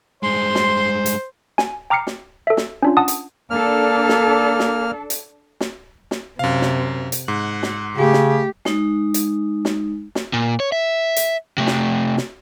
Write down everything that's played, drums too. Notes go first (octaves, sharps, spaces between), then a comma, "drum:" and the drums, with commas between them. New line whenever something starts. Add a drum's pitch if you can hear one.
G2 G#3 C5 C6
drum: snare
drum: hi-hat
G#5, drum: snare
G5 A#5 D6 F6 C7 C#7
drum: snare
A4 E5
drum: snare
C#4 D4 F4
F#5 A5 D#6
drum: hi-hat
A#3 D4 A4 F6
drum: snare
drum: snare
drum: hi-hat
drum: snare
drum: snare
F#2 C3 F5
drum: snare
drum: hi-hat
G#2 F#5
drum: snare
C#3 A3 G4
drum: snare
G#3 D#4, drum: snare
drum: hi-hat
drum: snare
drum: snare
A#2
C#5
E5
drum: hi-hat
C3 A3
drum: snare
drum: snare